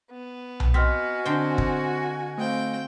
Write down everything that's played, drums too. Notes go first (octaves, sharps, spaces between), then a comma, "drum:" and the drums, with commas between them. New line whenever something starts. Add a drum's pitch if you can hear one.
B3
drum: tom B1
C4 F#4 D#5 G#5 F6 B6
D3 C4 C5 G5
drum: kick
A3 C4 F5 G5